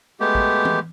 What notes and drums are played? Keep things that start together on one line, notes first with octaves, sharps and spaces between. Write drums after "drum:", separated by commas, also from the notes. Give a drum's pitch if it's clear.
G#3 A3 B3 G4
drum: kick
drum: tom E3